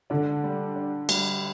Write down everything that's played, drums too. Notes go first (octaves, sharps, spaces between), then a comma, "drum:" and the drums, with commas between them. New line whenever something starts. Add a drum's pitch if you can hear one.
D3 D4
G3
D4
G3, drum: cymbal